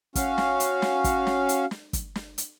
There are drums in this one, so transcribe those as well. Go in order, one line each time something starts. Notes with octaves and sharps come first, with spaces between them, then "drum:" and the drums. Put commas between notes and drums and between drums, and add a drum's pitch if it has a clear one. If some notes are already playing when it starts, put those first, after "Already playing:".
C#4 F#4 F5, drum: kick, hi-hat
drum: snare
drum: hi-hat
drum: snare
drum: kick, hi-hat
drum: snare
drum: hi-hat
drum: snare
drum: kick, hi-hat
drum: snare
drum: hi-hat